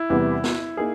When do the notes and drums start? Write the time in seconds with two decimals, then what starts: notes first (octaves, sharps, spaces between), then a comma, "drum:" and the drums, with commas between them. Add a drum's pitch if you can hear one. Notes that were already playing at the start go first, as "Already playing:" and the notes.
Already playing: E4
0.10 E2 C3 E3 G3 B3
0.44 drum: snare
0.77 A#3 D#4 G#4